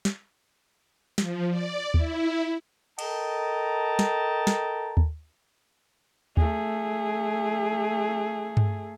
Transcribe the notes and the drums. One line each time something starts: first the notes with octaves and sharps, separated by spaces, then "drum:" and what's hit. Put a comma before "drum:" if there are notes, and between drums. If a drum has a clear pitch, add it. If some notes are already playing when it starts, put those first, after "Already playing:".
drum: snare
F3, drum: snare
D5
E4, drum: kick D#2
A4 A#4 D#5 G5 A5 A#5, drum: cymbal
drum: snare
drum: snare
drum: kick D#2
A3 G#4, drum: kick D#2
drum: tom G2